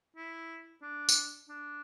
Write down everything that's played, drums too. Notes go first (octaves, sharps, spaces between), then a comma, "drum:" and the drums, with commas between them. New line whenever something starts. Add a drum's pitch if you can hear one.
E4
D4
drum: tambourine
D4